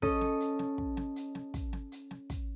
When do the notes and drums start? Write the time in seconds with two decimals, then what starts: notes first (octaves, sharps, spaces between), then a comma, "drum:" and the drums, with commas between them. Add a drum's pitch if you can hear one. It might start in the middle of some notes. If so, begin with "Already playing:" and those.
0.02 C#4 A4 D#5, drum: kick
0.21 drum: snare
0.40 drum: hi-hat
0.59 drum: snare
0.78 drum: kick
0.97 drum: snare
1.16 drum: hi-hat
1.35 drum: snare
1.54 drum: kick, hi-hat
1.73 drum: snare
1.92 drum: hi-hat
2.11 drum: snare
2.30 drum: kick, hi-hat